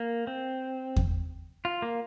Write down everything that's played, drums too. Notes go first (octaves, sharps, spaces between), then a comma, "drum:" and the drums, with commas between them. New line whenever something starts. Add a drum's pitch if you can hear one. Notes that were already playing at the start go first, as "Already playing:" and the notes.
Already playing: A#3
C4
drum: kick E2
F4
A#3